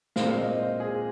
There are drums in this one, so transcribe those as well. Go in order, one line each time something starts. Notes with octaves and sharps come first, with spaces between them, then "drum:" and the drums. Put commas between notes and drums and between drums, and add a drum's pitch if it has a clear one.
A#2 G#3 C4 F5, drum: snare
F5
D#5
C5
G#4